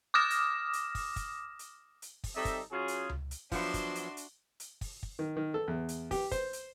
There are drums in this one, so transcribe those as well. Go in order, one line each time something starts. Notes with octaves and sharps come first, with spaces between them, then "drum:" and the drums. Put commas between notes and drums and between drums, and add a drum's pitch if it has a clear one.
D6 D#6 F6 A#6 E7
drum: hi-hat
drum: hi-hat
drum: kick, open hi-hat
drum: kick, hi-hat
drum: hi-hat
drum: hi-hat
drum: kick, open hi-hat
G3 C4 D#4 A4 D#5 E5
drum: kick, hi-hat
F#3 C#4 F4 F#4 G#4
drum: hi-hat
drum: tom C#2
drum: hi-hat
F3 F#3 B3 D4 F#4 E5 C6, drum: kick, open hi-hat
drum: kick, hi-hat
drum: hi-hat
drum: hi-hat
drum: hi-hat
drum: kick, open hi-hat
drum: kick
D#3
D#3
A4
E2
drum: hi-hat
G4, drum: kick, open hi-hat
C5, drum: kick, hi-hat
drum: hi-hat